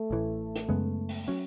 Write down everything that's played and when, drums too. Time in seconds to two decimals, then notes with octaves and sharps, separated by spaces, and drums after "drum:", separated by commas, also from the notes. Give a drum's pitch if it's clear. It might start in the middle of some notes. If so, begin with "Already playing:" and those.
Already playing: A3
0.11 A1 A2 E3
0.56 drum: hi-hat
0.68 F#2 C#3 G#3 B3
1.09 drum: open hi-hat
1.28 F#3 C#4